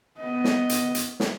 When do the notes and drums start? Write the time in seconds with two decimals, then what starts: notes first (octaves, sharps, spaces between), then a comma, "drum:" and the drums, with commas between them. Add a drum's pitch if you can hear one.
0.19 B3 D#5
0.44 drum: snare
0.69 drum: hi-hat
0.95 drum: hi-hat
1.20 drum: snare